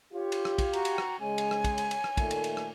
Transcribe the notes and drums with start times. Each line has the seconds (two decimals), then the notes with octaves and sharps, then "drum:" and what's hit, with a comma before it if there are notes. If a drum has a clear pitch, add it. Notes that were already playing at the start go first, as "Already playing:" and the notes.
0.13 F4 G4 C#5
0.32 drum: cymbal
0.45 drum: rim click
0.58 drum: kick, cymbal
0.73 F#4 G5 A#5, drum: cymbal
0.85 drum: cymbal
0.98 drum: rim click
1.20 C#3 G#3 C#5 G#5
1.38 drum: cymbal
1.51 drum: rim click
1.64 drum: kick, cymbal
1.78 drum: cymbal
1.91 drum: cymbal
2.04 drum: rim click
2.17 A#2 D#3 A3, drum: kick, cymbal
2.31 drum: cymbal
2.44 drum: cymbal
2.57 drum: rim click